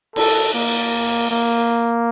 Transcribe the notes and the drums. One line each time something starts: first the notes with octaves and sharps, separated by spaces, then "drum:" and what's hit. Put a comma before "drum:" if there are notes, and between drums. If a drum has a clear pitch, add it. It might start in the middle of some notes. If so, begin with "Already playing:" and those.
A4, drum: cymbal
A#3
A#3